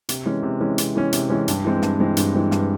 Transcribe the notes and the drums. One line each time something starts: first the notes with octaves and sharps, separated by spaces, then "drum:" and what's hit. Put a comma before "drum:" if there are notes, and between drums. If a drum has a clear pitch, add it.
C3, drum: hi-hat
E3 G#3 C#4
C3
E3 G#3 C#4
C3, drum: hi-hat
E3 G#3 C#4
C3, drum: hi-hat
E3 G#3 C#4
G2, drum: hi-hat
E3 G#3 C4
G2, drum: snare
E3 G#3 C4
G2, drum: hi-hat
E3 G#3 C4
G2, drum: snare